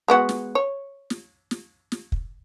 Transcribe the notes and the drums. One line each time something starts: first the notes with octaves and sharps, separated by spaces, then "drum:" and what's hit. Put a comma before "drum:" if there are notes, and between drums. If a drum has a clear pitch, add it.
G#3 B3 F#4
drum: snare
C#5
drum: snare
drum: snare
drum: snare
drum: kick